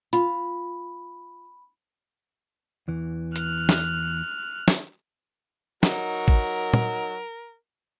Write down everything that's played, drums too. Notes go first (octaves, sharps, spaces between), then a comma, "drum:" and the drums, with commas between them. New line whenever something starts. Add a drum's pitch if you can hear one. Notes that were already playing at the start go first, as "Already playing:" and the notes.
F4 B5, drum: hi-hat
E2 E3
F6 F#6, drum: hi-hat
drum: snare
drum: snare
F#3 D#4 F#4 A#4, drum: snare
drum: kick A1
drum: tom